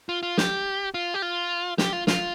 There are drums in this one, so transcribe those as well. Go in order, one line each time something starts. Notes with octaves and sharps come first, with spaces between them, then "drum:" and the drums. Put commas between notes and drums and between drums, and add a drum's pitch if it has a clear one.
F4
F4
G4, drum: snare
F4
G4
F4
G4, drum: snare
F4
F4, drum: snare